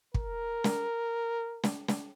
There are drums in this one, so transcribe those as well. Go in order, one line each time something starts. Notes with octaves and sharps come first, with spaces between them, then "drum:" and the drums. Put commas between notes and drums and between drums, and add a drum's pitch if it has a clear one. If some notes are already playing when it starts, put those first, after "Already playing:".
A#4, drum: kick
drum: snare
drum: snare
drum: snare